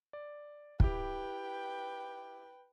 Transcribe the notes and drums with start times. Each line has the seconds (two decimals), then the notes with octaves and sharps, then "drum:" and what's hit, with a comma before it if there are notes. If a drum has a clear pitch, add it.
0.13 D5
0.80 E4 G4 B4 G5, drum: kick